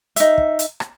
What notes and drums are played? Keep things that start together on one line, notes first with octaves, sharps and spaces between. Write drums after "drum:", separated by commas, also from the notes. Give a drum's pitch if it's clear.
D#4 E5, drum: hi-hat
drum: kick
drum: hi-hat
drum: rim click